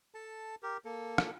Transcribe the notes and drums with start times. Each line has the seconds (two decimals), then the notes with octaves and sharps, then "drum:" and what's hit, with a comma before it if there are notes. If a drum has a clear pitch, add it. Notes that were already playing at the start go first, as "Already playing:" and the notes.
0.15 A4 A5
0.63 G4 A#4
0.85 A#3 A4
1.18 drum: rim click